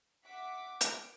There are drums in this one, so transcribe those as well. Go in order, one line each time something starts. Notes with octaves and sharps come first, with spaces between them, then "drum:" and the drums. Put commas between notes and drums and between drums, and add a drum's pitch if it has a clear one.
E5 F#5 D6 B6
D7, drum: hi-hat